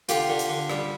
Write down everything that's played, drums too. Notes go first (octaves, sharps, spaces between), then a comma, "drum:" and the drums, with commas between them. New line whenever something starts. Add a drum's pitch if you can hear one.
D3 F4 G4, drum: hi-hat
D3
drum: hi-hat
D3
G3, drum: rim click